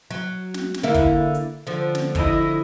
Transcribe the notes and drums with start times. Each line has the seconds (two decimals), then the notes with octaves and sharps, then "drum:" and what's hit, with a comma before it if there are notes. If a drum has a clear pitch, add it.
0.10 F#3
0.54 drum: snare
0.74 drum: snare
0.83 D3 A#3 E4
0.94 drum: kick, hi-hat
1.35 drum: hi-hat
1.67 D3 F3
1.95 drum: snare
2.15 E4 D#5, drum: kick, hi-hat